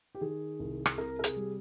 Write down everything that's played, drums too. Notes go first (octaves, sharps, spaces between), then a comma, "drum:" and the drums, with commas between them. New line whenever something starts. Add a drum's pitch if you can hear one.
G4
D#3 G#4
C2
drum: rim click
C3 A#4
A#4
G#4, drum: hi-hat
G3